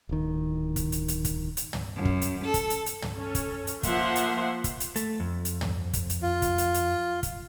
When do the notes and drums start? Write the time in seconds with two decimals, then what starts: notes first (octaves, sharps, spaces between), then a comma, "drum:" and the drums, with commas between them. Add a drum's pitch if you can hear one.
0.09 D1 D#3
0.76 drum: kick, hi-hat
0.92 drum: hi-hat
1.08 drum: hi-hat
1.24 drum: kick, hi-hat
1.57 drum: hi-hat
1.73 drum: tom
1.95 F#2
2.05 drum: kick
2.22 drum: hi-hat
2.44 A4
2.54 drum: kick, hi-hat
2.70 drum: hi-hat
2.86 drum: hi-hat
3.02 drum: tom
3.16 C#4 A4
3.35 drum: kick, hi-hat
3.67 drum: hi-hat
3.83 F3 A#3 C5 E5 F#5 C6, drum: kick, hi-hat
4.16 drum: hi-hat
4.64 drum: kick, hi-hat
4.80 drum: hi-hat
4.96 A3, drum: hi-hat
5.20 F2
5.45 drum: hi-hat
5.61 drum: tom
5.93 drum: kick, hi-hat
6.10 drum: hi-hat
6.22 F4
6.42 drum: kick, hi-hat
6.58 drum: hi-hat
6.74 drum: hi-hat
7.23 drum: kick, hi-hat